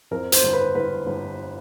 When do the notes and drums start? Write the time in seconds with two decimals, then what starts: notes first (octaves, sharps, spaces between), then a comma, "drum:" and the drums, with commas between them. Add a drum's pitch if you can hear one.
0.11 F2 A#4
0.32 C5, drum: hi-hat
0.43 G1
0.53 B4
0.75 G1 B4
1.07 G1